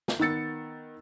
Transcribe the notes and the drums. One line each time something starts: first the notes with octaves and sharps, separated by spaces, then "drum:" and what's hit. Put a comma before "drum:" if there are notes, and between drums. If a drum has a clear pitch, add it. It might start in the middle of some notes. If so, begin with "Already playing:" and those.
drum: snare
D#3 B3 E6 A6 C#7